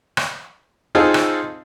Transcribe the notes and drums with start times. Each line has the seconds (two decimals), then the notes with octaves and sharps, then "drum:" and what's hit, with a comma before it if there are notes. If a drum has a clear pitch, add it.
0.17 drum: rim click
0.95 C4 D#4 F4 G#4 A4
1.14 drum: rim click